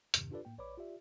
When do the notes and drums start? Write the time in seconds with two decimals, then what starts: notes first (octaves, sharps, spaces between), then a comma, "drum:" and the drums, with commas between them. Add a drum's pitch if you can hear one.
0.14 E2 G2 C3 D#3, drum: hi-hat
0.31 D4 F4 G4 A4 B4 D5
0.45 A2 A#3 G5
0.58 A#1 B4 C#5 D5 B5 D6
0.78 F4 G4 D5 E5